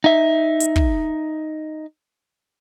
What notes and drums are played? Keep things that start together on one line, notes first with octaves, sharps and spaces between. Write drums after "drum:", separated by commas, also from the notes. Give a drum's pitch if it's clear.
D#4 E5
drum: hi-hat
drum: kick